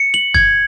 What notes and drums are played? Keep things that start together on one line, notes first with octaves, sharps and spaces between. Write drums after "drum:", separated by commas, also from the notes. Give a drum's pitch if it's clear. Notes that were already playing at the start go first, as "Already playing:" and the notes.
Already playing: C#7
F#7
G#6, drum: kick